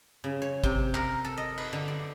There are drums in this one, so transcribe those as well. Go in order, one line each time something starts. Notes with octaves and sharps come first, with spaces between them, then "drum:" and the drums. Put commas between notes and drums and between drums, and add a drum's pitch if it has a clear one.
C#3
C#5
C3, drum: kick
A#4, drum: clap
A4
D#5
B4, drum: cymbal
D3
D5